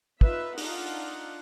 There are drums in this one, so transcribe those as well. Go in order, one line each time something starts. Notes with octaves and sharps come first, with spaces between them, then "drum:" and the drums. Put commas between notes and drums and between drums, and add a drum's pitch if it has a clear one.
D#4 F4 B4 E5, drum: kick
D4 D#4 F4 F#5, drum: open hi-hat